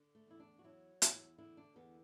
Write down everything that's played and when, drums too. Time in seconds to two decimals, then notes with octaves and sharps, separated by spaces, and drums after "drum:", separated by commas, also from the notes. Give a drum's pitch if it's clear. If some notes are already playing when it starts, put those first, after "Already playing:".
Already playing: D3
0.15 A3
0.27 E2 E4
0.40 D4
0.59 F#4
0.64 F#3 E4
1.02 E2 F#4, drum: hi-hat
1.14 E4
1.38 D3 E4
1.57 D4
1.76 E2 B3